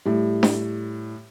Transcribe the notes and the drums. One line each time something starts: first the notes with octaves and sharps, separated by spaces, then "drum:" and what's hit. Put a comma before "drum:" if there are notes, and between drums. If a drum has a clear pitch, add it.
A2 G3
drum: snare D4